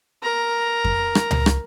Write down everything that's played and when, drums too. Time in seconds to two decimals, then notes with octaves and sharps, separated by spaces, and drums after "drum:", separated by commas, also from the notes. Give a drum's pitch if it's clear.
0.23 A#4 A#5
0.84 drum: kick F2
1.15 drum: rim click
1.31 drum: tom C#2
1.46 drum: rim click